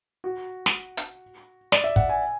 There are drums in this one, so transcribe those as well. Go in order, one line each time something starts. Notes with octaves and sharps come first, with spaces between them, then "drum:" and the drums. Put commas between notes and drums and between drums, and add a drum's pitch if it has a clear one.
F#4
drum: snare
drum: hi-hat
D5, drum: snare
E5
F#5, drum: kick
G#5